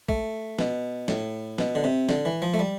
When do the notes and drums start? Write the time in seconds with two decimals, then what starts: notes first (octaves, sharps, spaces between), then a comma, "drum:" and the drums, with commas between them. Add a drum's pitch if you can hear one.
0.09 A3, drum: kick
0.59 B2, drum: snare
1.08 A2, drum: snare
1.58 B2, drum: snare
1.75 D3
1.84 C3
2.09 D3, drum: snare
2.25 E3
2.42 F3
2.54 A3
2.59 G3